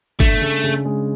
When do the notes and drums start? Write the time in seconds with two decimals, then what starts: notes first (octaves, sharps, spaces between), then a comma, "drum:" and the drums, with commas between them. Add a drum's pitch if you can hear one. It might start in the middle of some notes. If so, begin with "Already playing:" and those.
0.20 A3 D4, drum: kick G1
0.41 C#3
0.64 C#3
0.85 G#3